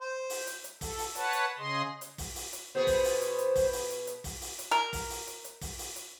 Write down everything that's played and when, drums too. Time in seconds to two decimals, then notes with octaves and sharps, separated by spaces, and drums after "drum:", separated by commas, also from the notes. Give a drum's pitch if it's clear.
0.01 C5
0.30 drum: open hi-hat
0.47 drum: hi-hat
0.64 drum: hi-hat
0.81 A4, drum: kick, open hi-hat
0.98 drum: open hi-hat
1.15 B4 C#5 F#5 A5, drum: hi-hat
1.33 drum: hi-hat
1.58 C#3 G#4 D#5 C6
2.01 drum: hi-hat
2.18 drum: kick, open hi-hat
2.35 drum: open hi-hat
2.53 drum: hi-hat
2.75 B2 B3 G#4 C5
2.87 drum: kick, open hi-hat
3.04 drum: open hi-hat
3.21 drum: hi-hat
3.38 drum: hi-hat
3.56 drum: kick, open hi-hat
3.73 drum: open hi-hat
3.90 drum: hi-hat
4.07 drum: hi-hat
4.24 drum: kick, open hi-hat
4.41 drum: open hi-hat
4.58 drum: hi-hat
4.71 A#4
4.93 drum: kick, open hi-hat
5.10 drum: open hi-hat
5.27 drum: hi-hat
5.44 drum: hi-hat
5.61 drum: kick, open hi-hat
5.79 drum: open hi-hat
5.96 drum: hi-hat